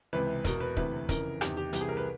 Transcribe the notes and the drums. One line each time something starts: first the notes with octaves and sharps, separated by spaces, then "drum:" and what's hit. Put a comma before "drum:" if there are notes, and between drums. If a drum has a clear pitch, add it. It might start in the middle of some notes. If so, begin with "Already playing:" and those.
C#2 C3 E3 B4
E2 B2 A#4, drum: kick, hi-hat
B4
D2 C3 E3 B4, drum: kick
F2 C#3 E3 A#4, drum: kick, hi-hat
E2 C3 D#3 G4, drum: rim click
G4
C2 C3 E3 G4, drum: hi-hat
G#4
A#4
B4